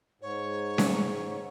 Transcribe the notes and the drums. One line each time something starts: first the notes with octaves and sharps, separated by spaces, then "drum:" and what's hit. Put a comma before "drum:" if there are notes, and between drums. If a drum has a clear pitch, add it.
G#2 C#5
drum: snare C#4